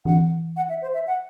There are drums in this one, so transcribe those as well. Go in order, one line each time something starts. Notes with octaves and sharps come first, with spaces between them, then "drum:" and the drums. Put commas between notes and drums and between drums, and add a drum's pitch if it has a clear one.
F#5, drum: tom E3
F#5
E5
C5
E5
F#5